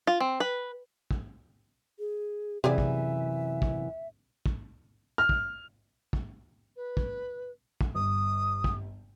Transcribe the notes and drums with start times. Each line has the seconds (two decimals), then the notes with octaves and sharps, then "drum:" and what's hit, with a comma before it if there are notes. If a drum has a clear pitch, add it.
0.07 F4
0.20 C4
0.40 B4
1.11 drum: kick
1.99 G#4
2.64 F#2 C3 E3 G4 G#4 D5 E5
2.78 drum: kick
3.62 drum: kick
4.46 drum: kick
5.18 F6
5.29 drum: kick
6.13 drum: kick
6.76 B4
6.97 drum: kick
7.81 drum: kick
7.95 G1 D#6
8.64 drum: kick